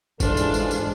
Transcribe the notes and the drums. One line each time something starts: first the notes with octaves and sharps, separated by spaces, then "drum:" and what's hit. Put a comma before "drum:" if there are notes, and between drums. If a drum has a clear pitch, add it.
G#2 E3 G#3 D4 F4 A4 C5, drum: kick G1, tambourine
drum: tambourine
drum: tambourine
drum: tambourine